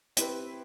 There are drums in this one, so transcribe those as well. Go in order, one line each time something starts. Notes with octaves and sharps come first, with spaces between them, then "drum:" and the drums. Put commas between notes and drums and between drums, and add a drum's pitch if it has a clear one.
C4 E4 G4 B4, drum: hi-hat